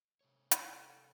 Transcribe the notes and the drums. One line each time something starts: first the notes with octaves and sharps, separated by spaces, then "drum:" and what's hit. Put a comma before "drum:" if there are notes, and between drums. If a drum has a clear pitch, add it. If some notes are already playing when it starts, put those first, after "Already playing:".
C3 A3 C#5
drum: hi-hat
G2 A#2 A4